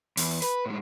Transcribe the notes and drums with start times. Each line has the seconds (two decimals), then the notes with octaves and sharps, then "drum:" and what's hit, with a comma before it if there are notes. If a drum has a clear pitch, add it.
0.17 E2, drum: open hi-hat
0.42 B4, drum: hi-hat
0.66 A2 G#3